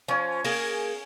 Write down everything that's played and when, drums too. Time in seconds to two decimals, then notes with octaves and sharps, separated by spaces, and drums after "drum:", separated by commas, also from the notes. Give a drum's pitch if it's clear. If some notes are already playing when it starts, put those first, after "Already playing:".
0.08 F3 C#4 C#5 G#5
0.45 A#3 G#4, drum: open hi-hat